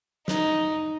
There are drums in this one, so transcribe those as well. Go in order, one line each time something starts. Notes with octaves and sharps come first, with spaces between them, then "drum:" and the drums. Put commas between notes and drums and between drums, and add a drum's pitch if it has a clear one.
D#4, drum: snare